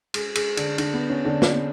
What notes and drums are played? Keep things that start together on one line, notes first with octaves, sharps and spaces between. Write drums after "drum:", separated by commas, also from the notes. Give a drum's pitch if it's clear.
G#3 G#4, drum: cymbal
G#3 G#4, drum: cymbal
D3 D4, drum: cymbal
D3 D4, drum: cymbal
B3
C#4
D3 D4
drum: snare